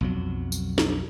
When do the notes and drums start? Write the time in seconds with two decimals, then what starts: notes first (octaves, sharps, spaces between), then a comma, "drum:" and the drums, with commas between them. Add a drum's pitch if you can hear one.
0.01 B1 F2 F#3
0.52 drum: tambourine
0.78 drum: snare